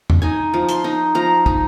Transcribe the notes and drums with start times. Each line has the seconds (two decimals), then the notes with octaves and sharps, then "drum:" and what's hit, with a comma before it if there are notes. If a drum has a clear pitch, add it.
0.10 drum: tom E2
0.22 D#4 G#5
0.54 F3
0.69 C6, drum: hi-hat
0.84 D#4
1.15 F3 A#5
1.46 D#4, drum: kick